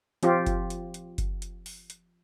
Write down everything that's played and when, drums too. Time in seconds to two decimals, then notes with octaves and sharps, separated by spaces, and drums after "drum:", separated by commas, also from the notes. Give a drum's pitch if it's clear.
0.23 F3 C4 F4 G4, drum: hi-hat
0.46 drum: kick F#1, hi-hat
0.70 drum: hi-hat
0.94 drum: hi-hat
1.18 drum: kick F#1, hi-hat
1.42 drum: hi-hat
1.66 drum: open hi-hat
1.90 drum: hi-hat